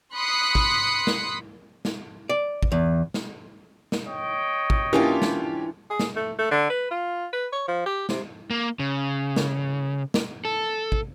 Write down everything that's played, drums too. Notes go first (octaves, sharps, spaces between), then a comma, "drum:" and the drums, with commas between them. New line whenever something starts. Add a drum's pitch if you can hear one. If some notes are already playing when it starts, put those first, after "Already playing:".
B5 C6 D#6 F#6 B6 C#7
drum: kick
drum: snare
drum: snare
D5
drum: kick
E2
drum: snare
drum: snare
C#5 D#5 G5
drum: kick
E3 A#3 C#4 D4 F4 G4
drum: snare
G#4
drum: snare
A3
A3
D3
B4
F4
B4
C#5
F3
G4
C3, drum: snare
A#3
C#3
drum: snare
drum: snare
A4
drum: kick